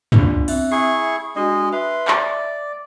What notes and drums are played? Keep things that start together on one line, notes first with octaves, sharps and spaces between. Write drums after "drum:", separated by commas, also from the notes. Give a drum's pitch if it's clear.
B3 D4 F4, drum: tom
C4 E5 F#6, drum: cymbal
E4 G#4 C#6 C7
G#3 D4 F#4 D#5
B4 E5 C6
D5, drum: clap